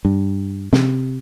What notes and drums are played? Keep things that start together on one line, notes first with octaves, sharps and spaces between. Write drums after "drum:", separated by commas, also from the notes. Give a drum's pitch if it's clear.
G2
C3, drum: snare